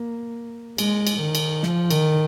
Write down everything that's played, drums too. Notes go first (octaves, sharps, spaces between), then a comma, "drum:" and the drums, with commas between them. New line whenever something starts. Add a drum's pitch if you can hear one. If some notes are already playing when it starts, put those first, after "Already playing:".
Already playing: A#3
G#3, drum: cymbal
drum: cymbal
D#3
drum: cymbal
F3, drum: snare
D#3, drum: cymbal